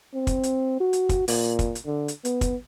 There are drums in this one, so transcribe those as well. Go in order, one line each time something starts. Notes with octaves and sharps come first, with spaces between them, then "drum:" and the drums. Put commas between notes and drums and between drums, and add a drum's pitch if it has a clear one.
C4
drum: kick, hi-hat
drum: hi-hat
F#4
drum: hi-hat
drum: kick, hi-hat
A#2, drum: open hi-hat
drum: kick, hi-hat
drum: hi-hat
D3
drum: hi-hat
B3, drum: hi-hat
drum: kick, hi-hat